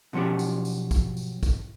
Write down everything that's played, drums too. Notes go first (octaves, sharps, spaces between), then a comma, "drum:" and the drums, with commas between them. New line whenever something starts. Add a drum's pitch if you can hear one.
B2 F3 F#3 C#4 G4
drum: tambourine
drum: tambourine
drum: kick, tambourine
drum: tambourine
drum: kick, tambourine